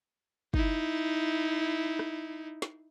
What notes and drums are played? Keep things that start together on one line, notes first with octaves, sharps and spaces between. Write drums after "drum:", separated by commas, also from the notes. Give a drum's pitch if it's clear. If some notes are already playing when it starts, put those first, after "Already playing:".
D#4 E4, drum: kick
drum: rim click
drum: snare